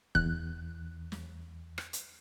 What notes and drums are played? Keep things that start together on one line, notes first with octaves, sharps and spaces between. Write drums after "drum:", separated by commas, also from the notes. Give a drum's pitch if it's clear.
E2 F#6, drum: kick
drum: snare
drum: rim click
drum: hi-hat